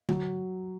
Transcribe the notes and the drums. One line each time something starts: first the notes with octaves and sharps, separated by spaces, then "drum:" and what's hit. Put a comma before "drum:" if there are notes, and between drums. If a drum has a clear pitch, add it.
F#3, drum: tom D3